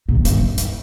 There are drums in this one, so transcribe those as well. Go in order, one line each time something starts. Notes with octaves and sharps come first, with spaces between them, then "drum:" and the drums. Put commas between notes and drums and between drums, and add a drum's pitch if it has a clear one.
A#2
G2, drum: hi-hat
drum: hi-hat